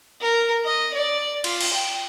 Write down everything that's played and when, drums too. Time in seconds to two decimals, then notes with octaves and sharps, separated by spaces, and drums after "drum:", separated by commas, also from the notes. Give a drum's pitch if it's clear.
0.21 A#4
0.65 D#5
0.94 D5
1.44 F4, drum: cymbal
1.61 drum: cymbal
1.73 G5